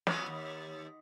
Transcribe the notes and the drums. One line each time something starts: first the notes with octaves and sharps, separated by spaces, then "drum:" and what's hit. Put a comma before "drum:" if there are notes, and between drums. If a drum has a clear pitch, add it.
F#3 B3 F4, drum: snare
D#2